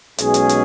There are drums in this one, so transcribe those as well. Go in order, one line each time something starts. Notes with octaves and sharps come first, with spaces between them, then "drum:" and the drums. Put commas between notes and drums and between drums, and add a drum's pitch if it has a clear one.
B1 B2 G#3 C#4 G#4, drum: hi-hat
drum: hi-hat
drum: hi-hat